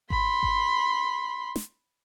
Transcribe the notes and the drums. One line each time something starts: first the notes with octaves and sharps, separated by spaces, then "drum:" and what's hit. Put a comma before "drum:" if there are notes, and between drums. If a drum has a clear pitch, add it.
B5 C6, drum: kick G#1
drum: kick G#1
drum: snare